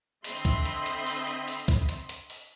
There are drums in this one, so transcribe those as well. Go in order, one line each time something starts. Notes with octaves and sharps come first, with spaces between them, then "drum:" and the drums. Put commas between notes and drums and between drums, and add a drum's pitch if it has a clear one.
D3 C4 D#5 E5 B5 C6, drum: open hi-hat
drum: kick, hi-hat
drum: hi-hat
drum: hi-hat
drum: open hi-hat
drum: hi-hat
drum: open hi-hat
drum: kick, hi-hat
drum: hi-hat
drum: hi-hat
drum: open hi-hat